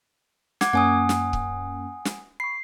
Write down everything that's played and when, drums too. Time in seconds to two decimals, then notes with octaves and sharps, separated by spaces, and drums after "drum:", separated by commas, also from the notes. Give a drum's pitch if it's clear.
0.61 F#5 D6 G#6, drum: snare
0.73 F#2 A#3 C#4 F#5 G#5 D#6
1.09 drum: snare
1.33 drum: kick C#1
2.05 drum: snare
2.40 B5 C#6 C7